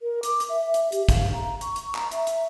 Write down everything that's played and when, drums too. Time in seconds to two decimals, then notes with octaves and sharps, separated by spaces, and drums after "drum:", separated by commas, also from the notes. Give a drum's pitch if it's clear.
0.01 A#4
0.23 D6, drum: hi-hat
0.40 drum: hi-hat
0.49 E5
0.65 E5
0.74 drum: hi-hat
0.92 G4, drum: hi-hat
1.09 F5, drum: kick, hi-hat
1.33 A#5
1.61 C#6, drum: hi-hat
1.76 drum: hi-hat
1.95 A#5, drum: clap
2.12 E5, drum: hi-hat
2.27 drum: hi-hat